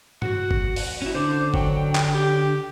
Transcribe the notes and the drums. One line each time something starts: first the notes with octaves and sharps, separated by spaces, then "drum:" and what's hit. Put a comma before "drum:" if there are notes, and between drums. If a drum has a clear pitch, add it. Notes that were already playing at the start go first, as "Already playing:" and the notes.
F#4 F#5, drum: tom G2
drum: kick F#1
drum: open hi-hat
C#4 E4 F#4
D3 D4 C5 D6
F#3 G5, drum: kick F#1
drum: clap
G4